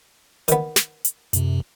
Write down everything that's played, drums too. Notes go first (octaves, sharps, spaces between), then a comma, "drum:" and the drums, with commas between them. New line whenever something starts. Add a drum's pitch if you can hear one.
D#3 B3, drum: hi-hat
drum: snare
drum: hi-hat
F#2 C3, drum: hi-hat